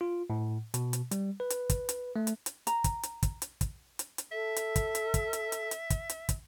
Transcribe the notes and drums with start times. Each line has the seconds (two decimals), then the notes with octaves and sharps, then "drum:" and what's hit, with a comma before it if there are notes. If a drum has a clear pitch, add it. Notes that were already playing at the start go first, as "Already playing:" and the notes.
0.01 F4
0.30 A2
0.74 B2, drum: hi-hat
0.93 drum: hi-hat
1.11 G3, drum: hi-hat
1.40 B4
1.50 drum: hi-hat
1.70 drum: kick, hi-hat
1.89 drum: hi-hat
2.16 A3
2.27 drum: hi-hat
2.46 drum: hi-hat
2.67 A#5, drum: hi-hat
2.84 drum: kick, hi-hat
3.03 drum: hi-hat
3.23 drum: kick, hi-hat
3.42 drum: hi-hat
3.61 drum: kick, hi-hat
3.99 drum: hi-hat
4.18 drum: hi-hat
4.32 A4 E5
4.56 drum: hi-hat
4.76 drum: kick, hi-hat
4.95 drum: hi-hat
5.14 drum: kick, hi-hat
5.33 drum: hi-hat
5.52 drum: hi-hat
5.71 drum: hi-hat
5.90 drum: kick, hi-hat
6.10 drum: hi-hat
6.29 drum: kick, hi-hat